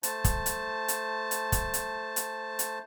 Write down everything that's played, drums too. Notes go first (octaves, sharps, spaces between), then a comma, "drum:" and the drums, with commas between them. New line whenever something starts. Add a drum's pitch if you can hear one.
A3 C5 A5, drum: hi-hat
drum: kick, hi-hat
drum: hi-hat
drum: hi-hat
drum: hi-hat
drum: kick, hi-hat
drum: hi-hat
drum: hi-hat
drum: hi-hat